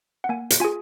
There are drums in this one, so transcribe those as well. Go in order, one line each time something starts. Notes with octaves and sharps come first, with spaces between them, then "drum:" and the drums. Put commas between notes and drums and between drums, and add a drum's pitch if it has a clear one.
F#5
A#3 G#5
drum: hi-hat
F4 G#4 G#5